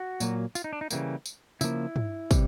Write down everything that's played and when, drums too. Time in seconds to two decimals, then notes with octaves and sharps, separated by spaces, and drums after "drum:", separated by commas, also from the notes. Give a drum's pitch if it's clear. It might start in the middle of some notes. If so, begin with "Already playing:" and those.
Already playing: F#4
0.20 A#2 F#3 A#3, drum: tambourine
0.55 F4, drum: tambourine
0.64 D#4
0.73 D4
0.81 D#4
0.91 C#3 E3 G3 A#3, drum: tambourine
1.26 drum: tambourine
1.61 C#3 F3 A#3 E4, drum: tambourine
1.96 drum: tom
2.31 C3 E3 G3, drum: kick, tambourine